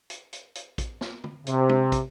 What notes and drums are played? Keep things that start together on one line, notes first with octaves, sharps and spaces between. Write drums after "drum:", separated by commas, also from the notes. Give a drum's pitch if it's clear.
drum: hi-hat
drum: hi-hat
drum: hi-hat
drum: kick, hi-hat
drum: snare
drum: tom
C3, drum: hi-hat
drum: tom
drum: kick, hi-hat